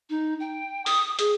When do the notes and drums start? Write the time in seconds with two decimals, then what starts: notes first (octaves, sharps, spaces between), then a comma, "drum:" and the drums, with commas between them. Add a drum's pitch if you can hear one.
0.10 D#4
0.40 G5
0.86 D#6, drum: open hi-hat
1.19 G#4, drum: hi-hat